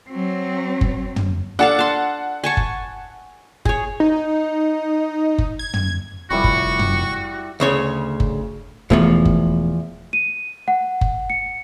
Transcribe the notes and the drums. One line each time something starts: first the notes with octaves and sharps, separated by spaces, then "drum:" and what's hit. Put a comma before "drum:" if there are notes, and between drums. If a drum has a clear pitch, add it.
F#3 C4
drum: kick F#1
drum: tom
D4 A4 F5 F#5
A5 C6
G#5 A5 C#6
drum: kick F#1
G#4 C#5, drum: kick F#1
D#4
drum: kick F#1
G#6
drum: tom
F1 G3 E4 F#4 C#6
drum: kick F#1
drum: tom
D2 C#3 C#5
drum: kick F#1
E1 E2 G2 F3 A3 B3
drum: kick F#1
D#7
F#5
drum: kick F#1
C#7